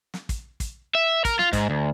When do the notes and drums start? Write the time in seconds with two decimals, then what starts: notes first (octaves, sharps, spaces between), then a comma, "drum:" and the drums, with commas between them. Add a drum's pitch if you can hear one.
0.14 drum: snare
0.29 drum: kick, hi-hat
0.60 drum: kick, hi-hat
0.95 E5
1.25 A#4, drum: kick, hi-hat
1.39 F4, drum: snare
1.53 G#2, drum: kick, hi-hat
1.70 D2